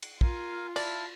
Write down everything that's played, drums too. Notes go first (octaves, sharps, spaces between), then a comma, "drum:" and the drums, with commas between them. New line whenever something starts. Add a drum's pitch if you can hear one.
drum: cymbal
F4 A#4 F5 G#5, drum: kick
E4 D5 F5 A5 A6, drum: cymbal